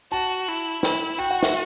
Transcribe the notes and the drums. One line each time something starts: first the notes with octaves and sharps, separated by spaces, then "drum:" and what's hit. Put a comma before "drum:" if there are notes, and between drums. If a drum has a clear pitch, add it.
F#4 A5
E4
E4, drum: snare
F#4 G5
F#5
E5, drum: snare